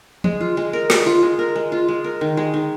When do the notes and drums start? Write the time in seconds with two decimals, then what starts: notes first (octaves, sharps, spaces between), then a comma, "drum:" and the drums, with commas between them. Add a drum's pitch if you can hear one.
0.24 G#3, drum: tom
0.41 F4
0.57 G#3
0.73 A#4
0.90 G#3, drum: snare
1.06 F4
1.23 G#3
1.39 A#4
1.56 G#3
1.72 F4
1.88 G#3
2.04 A#4
2.21 D#3
2.37 G#3
2.54 D#3